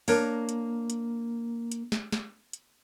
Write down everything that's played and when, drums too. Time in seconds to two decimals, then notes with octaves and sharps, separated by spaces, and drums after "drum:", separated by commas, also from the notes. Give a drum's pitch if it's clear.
0.08 A#3 D4 A#4 C#5, drum: open hi-hat
0.49 drum: hi-hat
0.90 drum: hi-hat
1.72 drum: hi-hat
1.92 drum: snare
2.12 drum: snare
2.53 drum: hi-hat